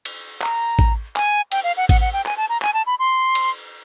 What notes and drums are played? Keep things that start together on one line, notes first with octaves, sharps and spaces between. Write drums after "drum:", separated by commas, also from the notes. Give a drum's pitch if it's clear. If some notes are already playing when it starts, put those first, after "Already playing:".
drum: cymbal
A#5, drum: clap
drum: kick A1
G#5, drum: clap
G5, drum: cymbal
F5
F#5
F#5, drum: kick A1, cymbal
F#5
G5
G#5, drum: clap
A5
A#5
G#5, drum: clap
A5
B5
C6
drum: cymbal